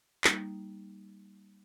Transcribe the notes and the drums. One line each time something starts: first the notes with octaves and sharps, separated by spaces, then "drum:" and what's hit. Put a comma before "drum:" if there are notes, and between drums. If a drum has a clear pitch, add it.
G3 A#3 D#4, drum: clap